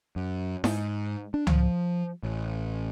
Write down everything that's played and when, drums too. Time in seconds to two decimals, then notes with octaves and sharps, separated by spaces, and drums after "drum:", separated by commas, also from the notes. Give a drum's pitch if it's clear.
0.16 F#2
0.64 G#2, drum: snare E4
1.34 D4
1.47 F3, drum: tom C#2
2.23 A1